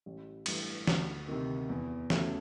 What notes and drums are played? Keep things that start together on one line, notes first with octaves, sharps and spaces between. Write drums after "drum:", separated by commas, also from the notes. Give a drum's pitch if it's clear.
A1
G2 E3 A3, drum: cymbal
D2, drum: snare
C3 D#3
E2
C#3 F#3 A3 C#4, drum: snare